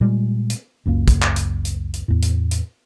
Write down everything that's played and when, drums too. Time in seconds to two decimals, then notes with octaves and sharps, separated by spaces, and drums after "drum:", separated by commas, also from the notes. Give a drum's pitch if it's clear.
0.01 A#2 G3 G#3
0.50 drum: hi-hat
0.86 F#1 C#2 F#2 A#3
1.08 drum: kick, hi-hat
1.22 drum: clap
1.36 drum: hi-hat
1.65 drum: hi-hat
1.94 drum: hi-hat
2.08 E2 A2
2.23 drum: hi-hat
2.51 drum: hi-hat